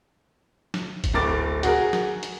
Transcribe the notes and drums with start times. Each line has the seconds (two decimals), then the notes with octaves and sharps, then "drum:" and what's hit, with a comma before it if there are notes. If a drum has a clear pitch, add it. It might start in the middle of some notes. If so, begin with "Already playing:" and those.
0.74 drum: snare
1.04 drum: kick F#1, hi-hat
1.14 D1 A2 A#4 D6 A6
1.63 F#4 G#4 A#4, drum: hi-hat
1.93 drum: snare
2.23 drum: hi-hat